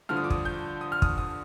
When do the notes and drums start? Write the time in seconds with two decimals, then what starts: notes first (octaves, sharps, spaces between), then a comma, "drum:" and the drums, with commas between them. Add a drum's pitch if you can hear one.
0.09 G2 D3 F3 F6
0.16 D#6
0.24 D6
0.30 D#6, drum: kick
0.45 G6
0.81 D#6
0.92 F6
1.02 D#6, drum: kick
1.18 D#6